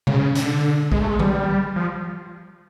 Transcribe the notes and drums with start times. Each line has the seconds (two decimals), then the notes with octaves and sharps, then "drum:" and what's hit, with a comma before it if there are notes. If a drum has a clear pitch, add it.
0.07 C#3, drum: tom B2
0.35 D3, drum: hi-hat
0.92 G#3, drum: kick A#1
1.01 A3
1.10 G#3
1.19 G3, drum: tom D#3
1.76 F3